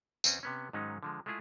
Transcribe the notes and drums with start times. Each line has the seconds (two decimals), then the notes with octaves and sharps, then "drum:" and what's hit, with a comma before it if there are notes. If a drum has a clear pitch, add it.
0.24 E2 C4 C#4, drum: tambourine
0.43 C3 B3 C#4
0.73 G#2 D#3 F#3 G#3 C#4 D#4
1.03 D3 F3 G#3
1.26 G#3 A3 E4 F4 G#4